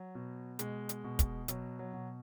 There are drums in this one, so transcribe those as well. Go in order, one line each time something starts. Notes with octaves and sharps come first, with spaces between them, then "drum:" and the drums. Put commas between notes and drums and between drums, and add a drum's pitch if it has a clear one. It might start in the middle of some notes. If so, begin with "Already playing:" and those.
Already playing: F#3
B2
B2 G#3, drum: hi-hat
drum: hi-hat
B2
drum: kick, hi-hat
B2 F#3, drum: hi-hat
F#3
B2